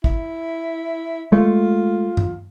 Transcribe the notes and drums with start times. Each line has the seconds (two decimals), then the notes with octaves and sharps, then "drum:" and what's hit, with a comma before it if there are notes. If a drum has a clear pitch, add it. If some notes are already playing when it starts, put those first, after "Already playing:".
0.04 E4, drum: kick
1.32 G#3 A3 F4
2.17 drum: tom G2